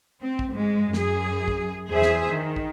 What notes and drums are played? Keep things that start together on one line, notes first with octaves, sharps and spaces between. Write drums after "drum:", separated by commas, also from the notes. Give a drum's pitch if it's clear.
C4
drum: kick
G#2 G#3
F#2 G#4, drum: snare
drum: kick
E2 G#4 C5 E5
drum: snare
D#3
drum: kick